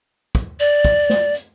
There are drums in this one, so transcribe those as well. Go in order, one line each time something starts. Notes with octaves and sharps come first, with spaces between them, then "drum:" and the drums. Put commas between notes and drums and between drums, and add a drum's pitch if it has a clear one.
drum: kick, hi-hat
D5
drum: kick, hi-hat
drum: snare
drum: hi-hat